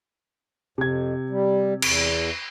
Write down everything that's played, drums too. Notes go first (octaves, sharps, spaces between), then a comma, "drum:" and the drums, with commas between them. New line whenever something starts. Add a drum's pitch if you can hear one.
F2 C3 G#6
G3
E2, drum: cymbal